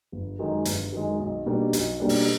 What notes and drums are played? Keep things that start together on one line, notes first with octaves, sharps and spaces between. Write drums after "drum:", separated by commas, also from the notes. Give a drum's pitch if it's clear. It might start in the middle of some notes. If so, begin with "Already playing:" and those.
G1
F#2 D#3 G#3
G1, drum: hi-hat
F#2 D#3 G#3
B1
B2 G3 A#3 D4
B1, drum: hi-hat
B2 G3 A#3 D4
drum: open hi-hat